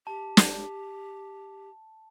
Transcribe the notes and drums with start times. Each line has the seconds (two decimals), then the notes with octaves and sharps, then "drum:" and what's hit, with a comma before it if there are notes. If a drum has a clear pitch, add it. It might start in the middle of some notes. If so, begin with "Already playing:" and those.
0.07 G4 A5
0.37 drum: snare